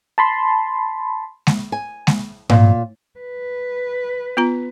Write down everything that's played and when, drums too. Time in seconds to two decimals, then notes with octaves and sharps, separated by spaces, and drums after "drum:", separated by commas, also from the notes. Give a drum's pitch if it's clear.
0.18 A5 B5 C6
1.47 drum: snare G#3
1.72 G#5
2.07 drum: snare G#3
2.49 A#2, drum: tom G#2
3.20 B4
4.37 B3 F4 A#5